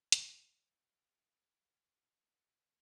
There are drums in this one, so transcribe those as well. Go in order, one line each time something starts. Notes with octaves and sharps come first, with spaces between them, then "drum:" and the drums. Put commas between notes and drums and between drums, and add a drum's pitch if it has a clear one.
F5 G5, drum: hi-hat